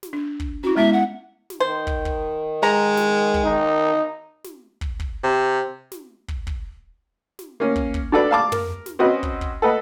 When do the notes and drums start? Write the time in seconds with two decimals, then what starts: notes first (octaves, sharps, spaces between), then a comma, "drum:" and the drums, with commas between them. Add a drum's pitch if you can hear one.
0.03 drum: snare
0.13 D4
0.40 drum: kick
0.64 C#4 E4 F#4
0.77 G#3 B3 E4 E5
0.93 F#5
1.50 drum: snare
1.60 D#3 C5
1.87 drum: kick
2.05 drum: kick
2.63 G#3 A#5
2.97 drum: snare
3.34 drum: kick
3.45 D#3 D#4
4.44 drum: snare
4.81 drum: kick
5.00 drum: kick
5.24 C3
5.92 drum: snare
6.28 drum: kick
6.47 drum: kick
7.39 drum: snare
7.60 A#3 C#4
7.76 drum: kick
7.94 drum: kick
8.12 D4 F#4 A4 B4 D5
8.31 F5 A5 D6
8.52 A#4, drum: tom
8.86 drum: snare
8.99 C4 C#4 F#4 B4 D#5
9.23 drum: kick
9.41 drum: kick
9.62 A4 B4 D#5 F#5